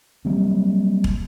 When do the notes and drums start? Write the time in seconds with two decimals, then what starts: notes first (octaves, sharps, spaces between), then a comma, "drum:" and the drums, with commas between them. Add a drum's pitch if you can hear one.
0.25 F#3 G3 A#3 C4
1.04 drum: kick